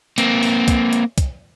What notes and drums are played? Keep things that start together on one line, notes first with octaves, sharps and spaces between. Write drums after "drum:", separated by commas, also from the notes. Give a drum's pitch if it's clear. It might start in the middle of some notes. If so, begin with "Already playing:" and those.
A#3 C4, drum: hi-hat
drum: open hi-hat
drum: kick C2, hi-hat
drum: hi-hat
drum: kick C2, hi-hat